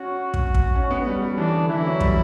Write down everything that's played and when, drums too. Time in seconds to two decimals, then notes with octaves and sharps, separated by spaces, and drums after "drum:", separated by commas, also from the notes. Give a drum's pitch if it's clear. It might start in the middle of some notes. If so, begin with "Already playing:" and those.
Already playing: C#4 F#4
0.34 drum: kick
0.54 drum: kick
0.75 C#4
0.91 B3
1.07 G3
1.22 G3
1.38 E3 D4
1.53 D3
1.69 E3 E4
1.85 F#3
2.00 G3, drum: kick